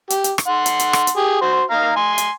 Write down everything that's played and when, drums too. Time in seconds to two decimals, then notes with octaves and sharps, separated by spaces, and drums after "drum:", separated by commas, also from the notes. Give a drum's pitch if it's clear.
0.10 G4, drum: hi-hat
0.24 drum: hi-hat
0.38 drum: rim click
0.47 F#5 C6
0.66 drum: hi-hat
0.79 drum: hi-hat
0.93 drum: rim click
1.07 drum: hi-hat
1.17 G4 G#4
1.41 F#4 C5
1.70 D#4 F5 A#5
1.96 G#5 C6
2.18 drum: hi-hat